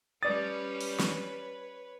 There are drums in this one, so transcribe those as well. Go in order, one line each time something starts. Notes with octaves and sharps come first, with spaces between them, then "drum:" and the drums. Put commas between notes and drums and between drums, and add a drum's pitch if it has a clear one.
G3 C#4 B4 C#5 D5 D#6 A6
drum: open hi-hat
drum: snare